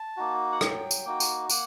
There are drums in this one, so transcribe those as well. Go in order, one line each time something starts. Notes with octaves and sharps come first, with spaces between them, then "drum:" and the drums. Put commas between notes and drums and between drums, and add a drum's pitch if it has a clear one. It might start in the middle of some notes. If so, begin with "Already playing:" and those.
Already playing: A5
A#3 D#4 F#4
F#5
F#3 G5, drum: rim click
drum: tambourine
A#3 D#4 F#4
drum: tambourine
A#3 F#5, drum: tambourine